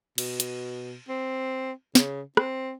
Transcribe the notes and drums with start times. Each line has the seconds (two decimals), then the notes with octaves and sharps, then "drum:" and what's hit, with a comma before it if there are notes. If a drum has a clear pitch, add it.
0.18 B2, drum: cymbal
0.40 drum: hi-hat
1.09 C4
1.95 C#3, drum: snare
2.37 C4, drum: rim click